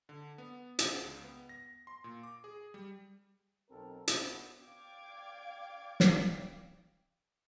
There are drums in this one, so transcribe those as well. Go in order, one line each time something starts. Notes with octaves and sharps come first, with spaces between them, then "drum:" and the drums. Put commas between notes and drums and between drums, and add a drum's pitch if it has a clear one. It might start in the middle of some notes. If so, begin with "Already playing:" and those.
D3
B3
G#4, drum: hi-hat
C#2
B3
A#6
C6
A#2
D6
G#4
G3
B1 C4 A4 A#4
B3 F#4, drum: hi-hat
D5 F5 G5 D6 G#6
drum: snare